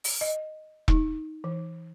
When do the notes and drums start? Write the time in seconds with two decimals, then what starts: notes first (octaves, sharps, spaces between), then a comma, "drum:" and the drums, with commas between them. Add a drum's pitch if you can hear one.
0.04 drum: open hi-hat
0.21 D#5
0.88 D#4, drum: kick E1
1.44 E3